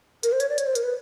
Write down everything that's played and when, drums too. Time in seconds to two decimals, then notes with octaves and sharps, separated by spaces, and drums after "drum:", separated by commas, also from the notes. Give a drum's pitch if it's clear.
0.23 A#4, drum: hi-hat
0.32 C5
0.40 C#5, drum: hi-hat
0.49 D5
0.58 C#5, drum: hi-hat
0.66 C5
0.75 A#4, drum: hi-hat
0.83 B4